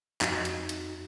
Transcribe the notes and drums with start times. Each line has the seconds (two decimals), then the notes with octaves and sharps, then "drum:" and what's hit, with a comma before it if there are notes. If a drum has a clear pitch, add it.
0.21 F2 D#4 F#4, drum: clap
0.45 drum: hi-hat
0.69 drum: hi-hat